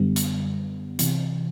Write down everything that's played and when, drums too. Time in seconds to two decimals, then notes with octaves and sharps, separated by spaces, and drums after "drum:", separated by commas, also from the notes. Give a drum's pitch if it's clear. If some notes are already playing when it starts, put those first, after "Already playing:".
Already playing: F#2 D3 G3 B3
0.16 drum: hi-hat
0.99 C3 E3, drum: hi-hat